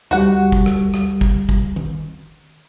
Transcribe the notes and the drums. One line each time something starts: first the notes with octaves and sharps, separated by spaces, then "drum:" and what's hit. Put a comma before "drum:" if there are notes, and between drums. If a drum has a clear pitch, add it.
D2 G3 F#4 F#5
drum: kick
drum: rim click
drum: rim click
drum: kick
drum: kick
drum: tom